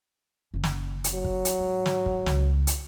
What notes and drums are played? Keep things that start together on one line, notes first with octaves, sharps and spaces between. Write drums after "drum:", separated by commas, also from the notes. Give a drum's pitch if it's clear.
F#1 C#4
drum: snare
drum: hi-hat
F#3
drum: kick
drum: hi-hat
G#2
drum: snare
drum: kick
C#2, drum: snare
drum: hi-hat